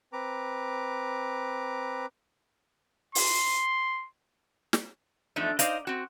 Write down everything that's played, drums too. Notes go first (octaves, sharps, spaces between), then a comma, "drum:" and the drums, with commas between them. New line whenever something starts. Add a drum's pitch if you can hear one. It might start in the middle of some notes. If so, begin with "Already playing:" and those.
C4 B4 A#5 D6
C6, drum: open hi-hat
drum: snare
E2 F3 A3 D4 D#4
D#4 C5 D5 D#5 F5, drum: hi-hat
C4 F#4